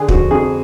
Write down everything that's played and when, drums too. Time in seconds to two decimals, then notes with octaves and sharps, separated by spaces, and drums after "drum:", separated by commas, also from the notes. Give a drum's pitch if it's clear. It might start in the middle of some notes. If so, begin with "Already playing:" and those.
Already playing: D3 G#4
0.08 F3 F#4, drum: kick
0.31 F2 G#4